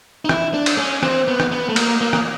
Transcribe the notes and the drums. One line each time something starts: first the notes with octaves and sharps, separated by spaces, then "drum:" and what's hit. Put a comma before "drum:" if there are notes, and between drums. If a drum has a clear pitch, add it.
D#4
E4, drum: rim click
D4
drum: cymbal
C#4
C4, drum: rim click
B3
drum: rim click
B3
A3
A#3, drum: cymbal
A#3
drum: rim click